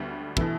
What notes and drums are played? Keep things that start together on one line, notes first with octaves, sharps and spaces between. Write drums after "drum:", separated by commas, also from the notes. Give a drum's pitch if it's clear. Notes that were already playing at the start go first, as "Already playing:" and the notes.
Already playing: D2 D3 G3 B3
B2 E3 A3 E4, drum: kick